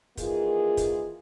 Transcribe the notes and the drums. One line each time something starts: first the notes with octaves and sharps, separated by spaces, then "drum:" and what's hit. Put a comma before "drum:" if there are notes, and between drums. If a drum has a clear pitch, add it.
D#3 E3 A#3 F4 G#4, drum: kick, hi-hat
drum: kick, hi-hat